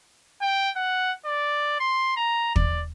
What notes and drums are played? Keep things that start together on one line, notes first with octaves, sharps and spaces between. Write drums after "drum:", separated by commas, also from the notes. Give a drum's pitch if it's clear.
G5
F#5
D5
C6
A#5
D5, drum: kick